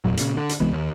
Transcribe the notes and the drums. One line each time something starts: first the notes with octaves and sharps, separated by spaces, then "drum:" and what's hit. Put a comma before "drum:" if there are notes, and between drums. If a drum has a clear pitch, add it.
F1 E2 A#2 F#3
A#2 C#3, drum: hi-hat
D3
drum: hi-hat
C2 E3 G#3 B3
D#2